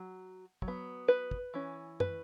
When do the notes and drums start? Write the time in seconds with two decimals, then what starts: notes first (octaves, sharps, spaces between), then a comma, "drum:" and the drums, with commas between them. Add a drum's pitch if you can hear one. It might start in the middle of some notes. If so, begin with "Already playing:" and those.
Already playing: F#3
0.62 F#3, drum: kick
0.68 B3
1.08 B4
1.31 drum: kick
1.54 E3 C#4
2.00 B4, drum: tom F#2